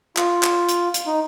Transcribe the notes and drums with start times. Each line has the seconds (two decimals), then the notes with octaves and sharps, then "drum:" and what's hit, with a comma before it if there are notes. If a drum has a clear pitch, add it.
0.17 F4, drum: clap
0.43 drum: clap
0.69 drum: hi-hat
0.94 drum: hi-hat
1.07 D#4